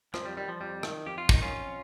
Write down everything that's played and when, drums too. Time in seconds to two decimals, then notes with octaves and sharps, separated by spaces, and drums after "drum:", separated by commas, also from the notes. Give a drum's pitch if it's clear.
0.14 F2 F3, drum: rim click
0.25 G3
0.37 D#3 G3
0.48 F3
0.60 F2 G3
0.83 D#3, drum: rim click
1.06 F2 G4
1.18 F4
1.29 D#3 D#4, drum: kick
1.42 C#4 F4
1.53 F2